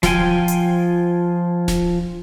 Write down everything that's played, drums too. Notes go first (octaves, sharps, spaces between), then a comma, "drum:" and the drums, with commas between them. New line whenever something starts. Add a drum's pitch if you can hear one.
F3 F4 G5 G#5, drum: snare D1
drum: hi-hat
drum: snare D1